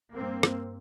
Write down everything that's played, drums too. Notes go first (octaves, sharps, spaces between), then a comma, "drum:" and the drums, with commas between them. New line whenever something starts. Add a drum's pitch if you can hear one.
G2 A#3 C4
drum: rim click